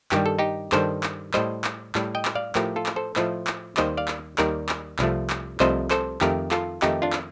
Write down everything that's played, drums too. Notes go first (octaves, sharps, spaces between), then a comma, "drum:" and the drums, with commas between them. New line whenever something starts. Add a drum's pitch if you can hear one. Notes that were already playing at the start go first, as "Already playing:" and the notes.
G2 D#3 G3 G4, drum: clap
A4
D#4 G4
G2 D#3 G3 A4 C5, drum: clap
drum: clap
A2 G3 C5 D#5, drum: clap
drum: clap
A2 G3, drum: clap
D#5 G5
drum: clap
D5 F5
A2 F3 A3 G4 A#4, drum: clap
F4 A4
drum: clap
A4 C5
A2 F3 A3 C5 D#5, drum: clap
drum: clap
D#2 D#3 G3 C5 D#5, drum: clap
D5 F5
drum: clap
D#2 D#3 G3 A#4 D5, drum: clap
drum: clap
C2 C3 F3 A3, drum: clap
drum: clap
C2 C3 F3 A3 C5 D#5, drum: clap
A4 C5, drum: clap
F2 D#3 A3 G4 A#4, drum: clap
F4 A4, drum: clap
F2 D#3 A3 D#4 G4, drum: clap
D4 F4
drum: clap